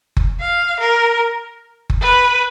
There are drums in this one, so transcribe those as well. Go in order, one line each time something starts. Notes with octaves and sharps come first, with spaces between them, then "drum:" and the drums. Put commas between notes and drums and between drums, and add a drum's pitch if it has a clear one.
drum: kick F#1
F5
A#4
drum: kick F#1
B4